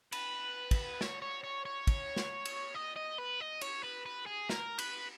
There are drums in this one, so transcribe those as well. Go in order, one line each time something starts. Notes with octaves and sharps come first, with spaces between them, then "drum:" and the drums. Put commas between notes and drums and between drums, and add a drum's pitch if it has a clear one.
B4, drum: cymbal
drum: kick, cymbal
C#5, drum: snare
C#5
C#5
C#5
drum: kick, cymbal
drum: snare
drum: cymbal
D#5
D#5
B4
D#5
C#5, drum: cymbal
B4
B4
G#4
A#4, drum: snare
B4, drum: cymbal